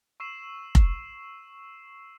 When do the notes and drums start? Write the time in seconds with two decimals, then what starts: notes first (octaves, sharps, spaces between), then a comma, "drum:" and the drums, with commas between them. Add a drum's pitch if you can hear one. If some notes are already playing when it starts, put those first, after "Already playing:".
0.20 C#6 E6 C7 E7
0.75 drum: kick F1